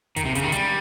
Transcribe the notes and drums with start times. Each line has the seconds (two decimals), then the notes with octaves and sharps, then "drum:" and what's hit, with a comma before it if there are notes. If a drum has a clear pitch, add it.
0.16 D#3, drum: kick, hi-hat
0.25 C3
0.35 C#3, drum: hi-hat
0.44 D#3
0.52 G3, drum: hi-hat